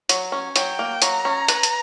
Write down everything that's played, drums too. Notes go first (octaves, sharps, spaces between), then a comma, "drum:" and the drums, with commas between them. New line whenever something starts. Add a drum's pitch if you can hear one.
F#3, drum: hi-hat
C#4
F#3 G5, drum: hi-hat
A#3
F#3 A#5, drum: hi-hat
C#4
B4, drum: hi-hat
drum: hi-hat